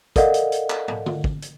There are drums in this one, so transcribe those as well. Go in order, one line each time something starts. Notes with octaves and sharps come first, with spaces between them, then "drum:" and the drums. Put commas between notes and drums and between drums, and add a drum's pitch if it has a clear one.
A4 A#4 D5 D#5 F5 F#5, drum: kick, hi-hat
drum: hi-hat
drum: hi-hat
drum: clap
drum: tom
drum: tom D3
drum: kick
drum: hi-hat